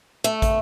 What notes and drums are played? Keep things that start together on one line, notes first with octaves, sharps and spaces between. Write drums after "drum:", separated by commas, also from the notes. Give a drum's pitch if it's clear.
A3
drum: kick, hi-hat